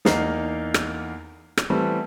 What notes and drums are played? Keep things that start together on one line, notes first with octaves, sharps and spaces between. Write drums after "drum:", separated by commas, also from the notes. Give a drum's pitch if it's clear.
E2 A#3 D#4 C7, drum: snare
drum: rim click
drum: rim click
E3 G3 A3 B3 C4